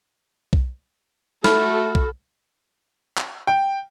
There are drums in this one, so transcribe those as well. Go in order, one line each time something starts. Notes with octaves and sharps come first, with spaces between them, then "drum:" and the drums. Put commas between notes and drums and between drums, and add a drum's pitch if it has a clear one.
drum: kick B1
A3 F#4 A4 B5 F6, drum: snare
drum: kick B1
drum: clap
G5